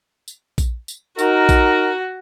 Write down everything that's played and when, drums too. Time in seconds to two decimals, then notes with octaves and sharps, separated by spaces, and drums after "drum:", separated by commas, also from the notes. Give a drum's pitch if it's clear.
0.28 drum: tambourine
0.58 drum: kick A#1, tambourine
0.88 drum: tambourine
1.19 D#4 F#4 A#4, drum: tambourine
1.49 drum: kick A#1, tambourine